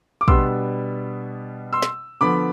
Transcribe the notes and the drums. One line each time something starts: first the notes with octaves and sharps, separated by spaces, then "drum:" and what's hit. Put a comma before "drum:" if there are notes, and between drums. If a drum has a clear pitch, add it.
D6
B2 G3 B3 D4 C6 E6, drum: kick
C6 E6
drum: snare
D3 F3 B3 B5 D6